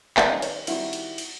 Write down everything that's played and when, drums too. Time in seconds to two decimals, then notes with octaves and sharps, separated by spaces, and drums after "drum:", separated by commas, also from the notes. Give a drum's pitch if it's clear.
0.17 D#3 G3 C4 D5 E5, drum: clap
0.30 D#5 F5
0.42 B4 C#5, drum: cymbal
0.67 D#3 G3 C4 E4 F#4, drum: cymbal
0.93 drum: cymbal
1.18 drum: cymbal